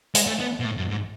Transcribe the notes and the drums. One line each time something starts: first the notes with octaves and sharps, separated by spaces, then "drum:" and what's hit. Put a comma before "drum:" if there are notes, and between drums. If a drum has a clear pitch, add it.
G#3, drum: hi-hat
A3
B3
B2
A2
F#2
G#2